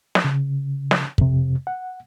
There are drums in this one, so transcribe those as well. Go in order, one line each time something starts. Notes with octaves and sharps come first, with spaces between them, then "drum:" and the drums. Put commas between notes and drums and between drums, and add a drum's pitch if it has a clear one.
drum: snare
C#3
drum: snare
F2 C3, drum: kick
F#5